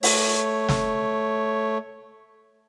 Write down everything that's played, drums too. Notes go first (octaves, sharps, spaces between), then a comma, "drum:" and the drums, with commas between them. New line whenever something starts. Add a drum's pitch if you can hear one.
A3 C#5, drum: open hi-hat
drum: snare